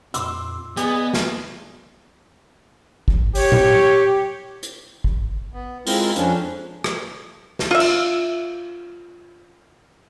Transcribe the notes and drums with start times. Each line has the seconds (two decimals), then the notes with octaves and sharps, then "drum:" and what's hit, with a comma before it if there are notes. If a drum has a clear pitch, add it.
0.14 F2 A#2 C6 D6 E6, drum: hi-hat
0.77 B3 G#4 D5 D#5 G#5, drum: hi-hat
1.14 drum: snare
3.08 drum: kick
3.35 G4 C#5, drum: open hi-hat
3.52 drum: tom A#2
4.63 drum: hi-hat
5.04 drum: kick
5.53 B3
5.87 G#3 C4 E4 F4 A#4, drum: open hi-hat
6.16 F2 F3 C#4 D4, drum: hi-hat
6.84 drum: rim click
7.59 drum: snare
7.71 F4 E5
7.80 drum: cymbal